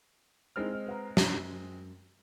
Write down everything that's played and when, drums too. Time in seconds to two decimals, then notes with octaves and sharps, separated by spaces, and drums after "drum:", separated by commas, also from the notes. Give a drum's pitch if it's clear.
0.56 G#3 C4 D#4 E4 A#4 F6
0.73 D#5
0.86 B4 F#5 A#5
1.17 F#2, drum: snare